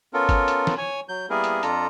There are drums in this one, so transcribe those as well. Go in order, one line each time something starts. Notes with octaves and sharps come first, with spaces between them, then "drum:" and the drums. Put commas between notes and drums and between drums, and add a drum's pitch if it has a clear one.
B3 C#4 F4 A4 A#4
drum: kick G#1, hi-hat
drum: hi-hat
drum: snare
C#5 G#5
F#3 G6
G3 A#3 B3 E4 G#4 A#4
drum: hi-hat
F2 D4 F4 A4 A#5, drum: hi-hat